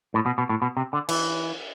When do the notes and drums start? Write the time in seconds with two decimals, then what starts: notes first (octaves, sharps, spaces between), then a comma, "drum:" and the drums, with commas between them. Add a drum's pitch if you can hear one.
0.14 A2
0.26 B2
0.38 B2
0.49 A2
0.62 B2
0.77 C3
0.93 D3
1.09 E3, drum: cymbal